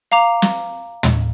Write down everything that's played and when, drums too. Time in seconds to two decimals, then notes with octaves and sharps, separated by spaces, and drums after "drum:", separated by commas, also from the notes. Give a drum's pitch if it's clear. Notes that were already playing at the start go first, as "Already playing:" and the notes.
0.12 F5 A#5 D6 F7
0.42 drum: snare
1.03 drum: tom